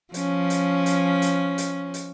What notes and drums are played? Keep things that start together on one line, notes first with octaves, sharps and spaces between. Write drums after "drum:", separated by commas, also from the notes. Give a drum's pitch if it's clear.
F3 C#4, drum: hi-hat
drum: hi-hat
drum: hi-hat
drum: hi-hat
drum: hi-hat
drum: hi-hat